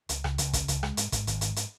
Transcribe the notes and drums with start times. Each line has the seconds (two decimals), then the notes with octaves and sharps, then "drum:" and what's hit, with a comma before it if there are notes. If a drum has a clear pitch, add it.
0.09 C#2, drum: hi-hat
0.24 C#2, drum: rim click
0.38 C#2, drum: hi-hat
0.53 C#3, drum: kick, hi-hat
0.68 C#2, drum: hi-hat
0.83 G#3, drum: rim click
0.97 G#2, drum: hi-hat
1.12 G#2, drum: kick, hi-hat
1.27 G#1, drum: hi-hat
1.41 G#2, drum: hi-hat
1.56 drum: hi-hat